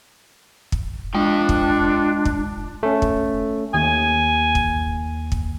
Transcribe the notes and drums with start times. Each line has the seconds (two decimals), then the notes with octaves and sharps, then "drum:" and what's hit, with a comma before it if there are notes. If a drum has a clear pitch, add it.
0.72 drum: kick
1.15 G#3 D4 F4 G5
1.49 drum: kick
2.25 drum: kick
2.83 A3 C#4
3.02 drum: kick
3.74 D#2 G#5
4.55 drum: kick
5.32 drum: kick